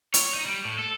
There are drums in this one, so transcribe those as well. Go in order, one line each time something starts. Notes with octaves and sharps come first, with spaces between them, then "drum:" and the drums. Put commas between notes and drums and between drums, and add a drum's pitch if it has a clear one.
C#5, drum: hi-hat
D#4
G3
A2
A4